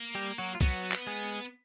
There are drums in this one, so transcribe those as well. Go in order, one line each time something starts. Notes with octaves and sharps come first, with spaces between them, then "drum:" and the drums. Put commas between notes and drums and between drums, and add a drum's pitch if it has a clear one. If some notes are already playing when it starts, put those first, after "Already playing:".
Already playing: A#3
G3 G4
F#3 F#4
F4
F#3 B3 F#4, drum: kick
drum: clap
G#3 G#4